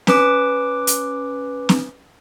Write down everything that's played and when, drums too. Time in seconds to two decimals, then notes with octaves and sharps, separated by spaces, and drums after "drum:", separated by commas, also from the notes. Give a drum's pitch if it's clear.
0.07 C#4 B4 D6, drum: snare C4
0.87 drum: hi-hat
1.69 drum: snare C4